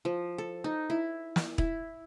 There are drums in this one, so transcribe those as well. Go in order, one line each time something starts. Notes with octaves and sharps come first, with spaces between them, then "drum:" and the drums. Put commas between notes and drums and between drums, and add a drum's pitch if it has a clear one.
F3
A4
D#4
E4
drum: snare
E4, drum: kick